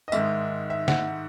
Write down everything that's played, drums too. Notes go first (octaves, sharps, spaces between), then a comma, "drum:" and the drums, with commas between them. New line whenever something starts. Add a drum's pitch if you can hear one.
D#5
G#2 D#3 G#3 E5, drum: tambourine
E5
F#5, drum: snare